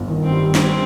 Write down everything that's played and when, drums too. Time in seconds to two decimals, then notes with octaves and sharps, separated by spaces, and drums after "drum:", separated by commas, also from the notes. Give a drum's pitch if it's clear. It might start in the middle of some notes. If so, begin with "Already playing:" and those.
Already playing: G1
0.08 D#3
0.24 C4
0.32 G3
0.55 G3 C4, drum: snare